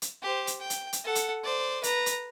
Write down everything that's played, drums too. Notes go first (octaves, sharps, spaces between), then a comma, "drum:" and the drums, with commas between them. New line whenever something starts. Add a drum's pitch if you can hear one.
drum: hi-hat
G4 C5
drum: hi-hat
G5
drum: hi-hat
drum: hi-hat
A4 F#5
drum: hi-hat
C5 D5
B4 A#5, drum: hi-hat
drum: hi-hat